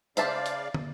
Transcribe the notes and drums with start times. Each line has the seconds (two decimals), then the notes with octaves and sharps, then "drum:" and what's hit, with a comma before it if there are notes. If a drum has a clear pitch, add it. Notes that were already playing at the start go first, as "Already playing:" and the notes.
0.17 C#3 C5 D5 E5 F5 A5, drum: hi-hat
0.46 drum: hi-hat
0.74 drum: tom